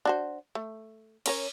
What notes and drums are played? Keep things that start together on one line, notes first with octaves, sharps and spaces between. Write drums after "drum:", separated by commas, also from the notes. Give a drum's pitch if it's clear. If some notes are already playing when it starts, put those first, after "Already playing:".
D4 F#4 C5
A3
C#4 A#4 C#5, drum: cymbal